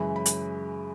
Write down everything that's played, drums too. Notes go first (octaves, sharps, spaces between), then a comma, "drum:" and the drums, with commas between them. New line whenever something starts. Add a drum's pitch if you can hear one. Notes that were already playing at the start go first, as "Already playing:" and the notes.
Already playing: F#2 C#3 E3 G#3 B5
B5
drum: hi-hat